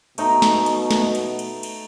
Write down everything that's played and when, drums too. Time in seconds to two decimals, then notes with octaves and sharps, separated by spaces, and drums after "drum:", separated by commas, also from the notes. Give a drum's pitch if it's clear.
0.18 B2 A3 D#4 A#5, drum: cymbal
0.42 drum: snare
0.66 drum: cymbal
0.91 drum: snare
1.15 drum: cymbal
1.39 drum: cymbal
1.63 drum: cymbal